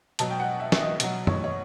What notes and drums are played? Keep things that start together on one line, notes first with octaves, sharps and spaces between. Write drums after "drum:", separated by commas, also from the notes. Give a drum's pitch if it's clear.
B2 F#3 A5, drum: hi-hat
G5
F#5
E5
E5, drum: snare
D#5
B2 F#3, drum: hi-hat
C#5, drum: tom F#2
C#5